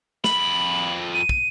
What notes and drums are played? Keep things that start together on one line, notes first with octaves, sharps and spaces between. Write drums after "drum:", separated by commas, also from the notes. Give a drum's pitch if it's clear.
F2 B5 F#7, drum: snare
D#7
drum: kick